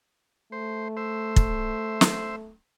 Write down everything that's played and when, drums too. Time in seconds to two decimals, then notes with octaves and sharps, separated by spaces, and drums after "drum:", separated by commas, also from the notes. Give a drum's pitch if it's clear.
0.52 A3 C5
0.97 C5 E5
1.36 drum: kick
2.01 drum: snare